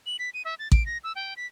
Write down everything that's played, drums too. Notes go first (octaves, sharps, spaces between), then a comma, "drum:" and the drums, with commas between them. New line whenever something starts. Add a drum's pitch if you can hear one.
F#7
B6
D#7
E5
A6
D7, drum: kick A1
A#6
E6
G5
B6